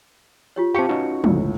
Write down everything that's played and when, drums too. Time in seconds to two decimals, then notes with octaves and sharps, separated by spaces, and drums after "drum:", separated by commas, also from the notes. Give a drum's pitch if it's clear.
0.56 F4 G4 C#5
0.75 C4 G4 F5 A5 C#6 C#7
0.89 C#4 D#4 F#4 B4
1.24 G1 C#2 A2, drum: tom